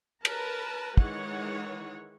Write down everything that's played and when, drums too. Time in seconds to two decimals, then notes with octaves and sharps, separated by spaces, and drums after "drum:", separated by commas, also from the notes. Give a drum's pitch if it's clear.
0.25 A#4 B4 A5 A#5, drum: cymbal
0.97 D#3 E3 G#3 C#5 F#5, drum: kick